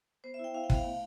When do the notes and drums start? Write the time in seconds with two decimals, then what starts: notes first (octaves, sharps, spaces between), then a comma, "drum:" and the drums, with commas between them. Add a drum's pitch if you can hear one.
0.24 B3 C5
0.34 E5
0.39 E4 G5
0.54 E4 F5
0.64 G5
0.70 B3 F5, drum: kick
0.84 A3